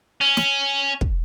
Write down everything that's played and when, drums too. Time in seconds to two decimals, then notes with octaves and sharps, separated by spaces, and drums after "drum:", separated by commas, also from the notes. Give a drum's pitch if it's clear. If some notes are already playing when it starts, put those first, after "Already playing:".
0.21 C#4
0.37 drum: snare
1.01 drum: kick